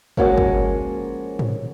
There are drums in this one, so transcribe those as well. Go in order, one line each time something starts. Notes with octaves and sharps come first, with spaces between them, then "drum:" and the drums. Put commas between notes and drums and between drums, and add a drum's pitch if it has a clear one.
F3 G#3 A#3 C#4 F#4, drum: kick
drum: kick
drum: tom G#2